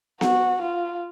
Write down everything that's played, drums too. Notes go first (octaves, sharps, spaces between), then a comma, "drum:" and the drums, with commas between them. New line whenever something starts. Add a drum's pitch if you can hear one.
F#4, drum: snare B3
F4